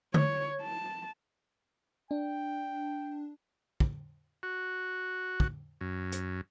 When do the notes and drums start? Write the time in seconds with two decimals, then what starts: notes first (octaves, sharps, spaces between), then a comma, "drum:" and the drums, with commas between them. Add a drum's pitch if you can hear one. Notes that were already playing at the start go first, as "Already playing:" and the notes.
0.14 C#5, drum: tom D3
0.62 A5
2.11 D4 G5
3.80 drum: kick
4.43 F#4
5.40 drum: kick
5.81 F#2
6.12 drum: hi-hat